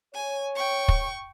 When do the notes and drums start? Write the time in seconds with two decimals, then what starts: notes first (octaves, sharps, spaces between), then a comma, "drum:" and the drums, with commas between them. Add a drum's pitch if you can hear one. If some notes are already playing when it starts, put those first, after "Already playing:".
0.14 C#5 G#5
0.55 G5 C#6
0.88 drum: kick